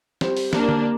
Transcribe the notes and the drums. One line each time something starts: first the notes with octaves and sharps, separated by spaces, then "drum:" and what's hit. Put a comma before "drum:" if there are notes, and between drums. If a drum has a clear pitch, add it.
G3 C4 G4 C5, drum: snare
drum: open hi-hat
A#3 D4, drum: snare
drum: tom D3